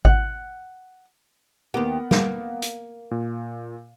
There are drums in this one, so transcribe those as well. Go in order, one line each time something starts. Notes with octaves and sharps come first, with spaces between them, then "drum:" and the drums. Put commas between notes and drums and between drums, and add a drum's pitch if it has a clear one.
F#5, drum: kick G#1
D#2 B3 G4 A#4 F#5
A#3, drum: snare
drum: hi-hat
A#2